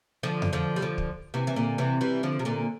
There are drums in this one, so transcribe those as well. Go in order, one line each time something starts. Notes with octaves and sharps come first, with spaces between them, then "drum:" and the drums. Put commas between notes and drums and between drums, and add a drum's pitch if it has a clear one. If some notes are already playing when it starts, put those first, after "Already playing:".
D3 F3
drum: tom F2
D3 F3
G3
D3 F3
drum: kick
C3 E3
E3
A#2 D3
C3 E3
E3 G3
D3 F3
C3
A#2 D3